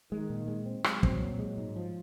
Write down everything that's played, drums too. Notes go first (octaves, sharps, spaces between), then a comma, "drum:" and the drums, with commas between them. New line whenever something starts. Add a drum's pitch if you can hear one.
D#3 G#3
A#2
G#3
C4
F#3 G#3, drum: rim click
C4, drum: kick
A#2
G#3
G#2
F3